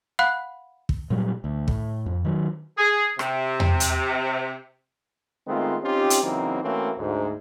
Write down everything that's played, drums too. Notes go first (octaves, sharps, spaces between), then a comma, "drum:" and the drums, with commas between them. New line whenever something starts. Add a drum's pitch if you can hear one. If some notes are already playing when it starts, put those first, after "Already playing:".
F5 F#5 B5 F#6
drum: kick
A#2 F#3 G3
D2
A2, drum: kick
F2
D#3 F#3
G#4
C3, drum: rim click
drum: tom E2
drum: hi-hat
D#3 G#3 A3 B3 C4 F4
C4 C#4 D#4 F4 G4
drum: hi-hat
C#3 E3 F#3 A#3 C4 D#4
E3 A3 A#3 C4 C#4 F#4
D2 G#2